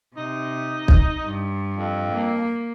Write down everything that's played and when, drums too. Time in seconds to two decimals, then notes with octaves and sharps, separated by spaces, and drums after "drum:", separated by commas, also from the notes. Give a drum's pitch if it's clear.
0.17 C3 D#4
0.88 drum: kick
1.27 G2
1.77 F2
2.14 A#3